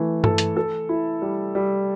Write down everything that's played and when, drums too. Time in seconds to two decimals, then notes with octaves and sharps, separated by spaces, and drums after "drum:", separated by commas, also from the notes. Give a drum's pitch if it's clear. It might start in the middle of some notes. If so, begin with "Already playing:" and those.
Already playing: E3 A3
0.24 A4, drum: tom G2
0.38 drum: hi-hat
0.57 A4
0.89 E4
1.22 G3
1.55 G3